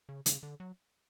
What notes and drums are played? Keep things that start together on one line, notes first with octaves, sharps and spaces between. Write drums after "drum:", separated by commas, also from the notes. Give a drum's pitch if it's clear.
C#3
C#3, drum: hi-hat
D3
F#3